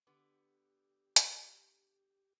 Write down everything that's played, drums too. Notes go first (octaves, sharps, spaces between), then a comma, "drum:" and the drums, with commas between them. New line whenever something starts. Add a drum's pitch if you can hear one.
D3 B3 G4
drum: hi-hat